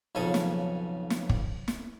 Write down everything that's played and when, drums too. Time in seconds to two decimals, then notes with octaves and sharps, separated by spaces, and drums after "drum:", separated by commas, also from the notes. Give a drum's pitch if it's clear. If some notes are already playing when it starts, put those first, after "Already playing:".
0.15 B1 F2 C#3 G#4 A4
0.34 drum: snare
1.10 drum: snare
1.29 drum: kick
1.68 drum: snare